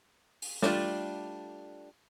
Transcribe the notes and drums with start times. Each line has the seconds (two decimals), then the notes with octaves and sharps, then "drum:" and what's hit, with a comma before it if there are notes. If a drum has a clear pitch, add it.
0.42 drum: open hi-hat
0.62 G3 A3 D4 E4 F4, drum: snare